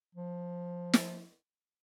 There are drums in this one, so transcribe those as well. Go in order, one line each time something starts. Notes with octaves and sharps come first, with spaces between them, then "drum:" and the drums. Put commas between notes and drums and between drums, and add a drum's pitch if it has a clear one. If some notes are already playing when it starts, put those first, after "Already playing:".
F3
drum: snare